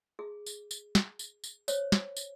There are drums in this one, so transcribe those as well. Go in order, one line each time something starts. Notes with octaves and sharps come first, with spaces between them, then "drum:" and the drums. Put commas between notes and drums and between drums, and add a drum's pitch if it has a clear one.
G#4
drum: tambourine
drum: tambourine
drum: snare
drum: tambourine
drum: tambourine
C5 C#5, drum: tambourine
drum: snare
drum: tambourine